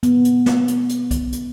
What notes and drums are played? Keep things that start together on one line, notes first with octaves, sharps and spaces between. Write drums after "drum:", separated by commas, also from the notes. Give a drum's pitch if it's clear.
B3, drum: hi-hat
drum: hi-hat
drum: snare
drum: hi-hat
drum: hi-hat
drum: kick B1, hi-hat
drum: hi-hat